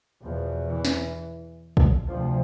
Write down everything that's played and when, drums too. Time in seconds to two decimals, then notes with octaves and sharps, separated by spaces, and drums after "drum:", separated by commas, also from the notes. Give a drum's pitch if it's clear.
0.23 E2 B2 F3
0.69 E3
0.85 drum: snare
1.77 drum: kick
2.08 D2 C3 F3